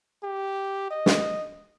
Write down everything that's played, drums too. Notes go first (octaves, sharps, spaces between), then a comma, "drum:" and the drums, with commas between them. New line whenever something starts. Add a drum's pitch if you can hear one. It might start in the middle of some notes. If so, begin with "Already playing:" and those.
G4
D#5
drum: snare